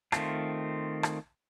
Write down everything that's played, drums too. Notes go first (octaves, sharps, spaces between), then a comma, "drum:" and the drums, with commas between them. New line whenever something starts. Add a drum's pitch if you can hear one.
D#3 A3 C4 F4, drum: rim click
drum: rim click